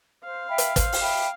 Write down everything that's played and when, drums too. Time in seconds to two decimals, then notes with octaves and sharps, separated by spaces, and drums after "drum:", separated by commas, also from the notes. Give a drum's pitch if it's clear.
0.24 C5 F5
0.49 E5 G5 B5
0.58 drum: hi-hat
0.76 C5, drum: kick, hi-hat
0.92 drum: open hi-hat
1.02 E5 G5 B5